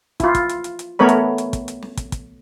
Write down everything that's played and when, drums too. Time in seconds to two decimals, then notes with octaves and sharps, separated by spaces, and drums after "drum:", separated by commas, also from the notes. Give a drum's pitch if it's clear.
0.20 E4 F4, drum: kick, hi-hat
0.35 drum: kick, hi-hat
0.49 drum: hi-hat
0.64 drum: hi-hat
0.79 drum: hi-hat
0.99 A3 B3 A#4 C#5 B5
1.09 drum: hi-hat
1.38 drum: hi-hat
1.53 drum: kick, hi-hat
1.68 drum: hi-hat
1.83 drum: snare
1.97 drum: kick, hi-hat
2.12 drum: kick, hi-hat